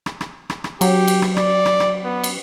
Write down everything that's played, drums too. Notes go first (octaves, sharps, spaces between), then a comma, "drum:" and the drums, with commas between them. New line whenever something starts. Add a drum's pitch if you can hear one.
drum: rim click
drum: rim click
drum: rim click
drum: rim click
F#3 G4, drum: cymbal
drum: cymbal
drum: rim click
D5, drum: rim click
drum: rim click
drum: rim click
B3
drum: cymbal